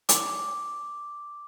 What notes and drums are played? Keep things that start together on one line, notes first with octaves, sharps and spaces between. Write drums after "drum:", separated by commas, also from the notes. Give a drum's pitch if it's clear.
D6, drum: hi-hat